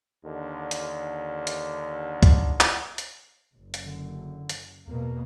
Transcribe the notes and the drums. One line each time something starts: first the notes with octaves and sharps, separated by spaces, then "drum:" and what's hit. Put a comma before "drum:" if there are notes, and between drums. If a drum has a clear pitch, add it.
D#2 D3
drum: hi-hat
drum: hi-hat
drum: kick, hi-hat
drum: clap
drum: hi-hat
F#1
drum: hi-hat
D3
drum: hi-hat
E2 B2 A#3